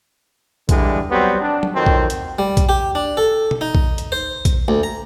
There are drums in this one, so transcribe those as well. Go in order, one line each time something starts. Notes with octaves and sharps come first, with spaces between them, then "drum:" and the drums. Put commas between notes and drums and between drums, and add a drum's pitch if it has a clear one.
D3 E3 G3 G#3, drum: kick, hi-hat
F#3 G3 B3 C4
D4
drum: tom
F2 D#3 F#3 C4
drum: kick
drum: hi-hat
G3
drum: kick, hi-hat
G4
D4
A4
drum: tom B2
D#4
drum: kick
drum: hi-hat
C5
drum: kick, hi-hat
D2
A#5